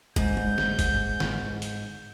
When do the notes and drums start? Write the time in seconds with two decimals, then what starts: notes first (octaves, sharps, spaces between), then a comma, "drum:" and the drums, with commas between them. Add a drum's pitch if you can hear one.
0.16 G#2 G6, drum: kick F#1
0.37 drum: tom G3
0.58 drum: snare
0.79 drum: kick F#1, hi-hat
1.20 drum: snare
1.62 drum: hi-hat